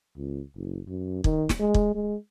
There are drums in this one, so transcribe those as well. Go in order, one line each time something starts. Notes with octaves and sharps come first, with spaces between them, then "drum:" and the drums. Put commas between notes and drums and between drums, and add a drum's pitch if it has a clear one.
C#2
F#1
F#2
D#3, drum: kick
drum: snare
G#3
drum: kick
G#3